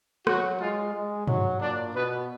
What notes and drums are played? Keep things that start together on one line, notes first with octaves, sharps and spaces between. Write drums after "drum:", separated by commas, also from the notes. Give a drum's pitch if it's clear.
F#3 F#4, drum: rim click
G#3 F4
G#3
F#3, drum: tom G2
A#2 D4 D5
B2 B3 B4